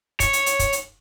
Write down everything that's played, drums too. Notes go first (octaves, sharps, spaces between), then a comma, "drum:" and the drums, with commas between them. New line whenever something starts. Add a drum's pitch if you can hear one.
C#5, drum: kick, hi-hat
drum: hi-hat
drum: hi-hat
drum: kick, hi-hat
drum: hi-hat